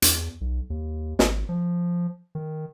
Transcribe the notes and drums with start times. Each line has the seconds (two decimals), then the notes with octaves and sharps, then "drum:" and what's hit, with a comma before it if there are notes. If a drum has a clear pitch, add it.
0.02 E2, drum: hi-hat
0.41 B1
0.70 D#2
1.19 G#1, drum: snare
1.49 F3
2.35 D#3